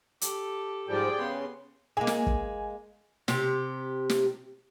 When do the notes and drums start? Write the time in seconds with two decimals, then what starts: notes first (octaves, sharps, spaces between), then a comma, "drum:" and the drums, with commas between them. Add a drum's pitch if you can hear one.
0.21 G4 A4, drum: hi-hat
0.89 G#2 F3 G3 G4 G#4 D5 G5
1.18 C#3 B3 C6
1.97 G#3 A#3 G#5
2.07 drum: snare
2.27 drum: kick
3.28 C3 G4, drum: snare
4.09 drum: snare